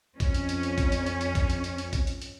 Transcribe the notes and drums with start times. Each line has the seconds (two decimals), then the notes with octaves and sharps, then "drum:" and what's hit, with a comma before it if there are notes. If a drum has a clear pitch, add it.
0.20 F2 C#4, drum: kick, hi-hat
0.34 drum: hi-hat
0.49 drum: hi-hat
0.63 drum: hi-hat
0.78 drum: kick, hi-hat
0.92 drum: hi-hat
1.06 drum: hi-hat
1.21 drum: hi-hat
1.35 drum: kick, hi-hat
1.50 drum: hi-hat
1.64 drum: hi-hat
1.78 drum: hi-hat
1.93 drum: kick, hi-hat
2.07 drum: hi-hat
2.22 drum: hi-hat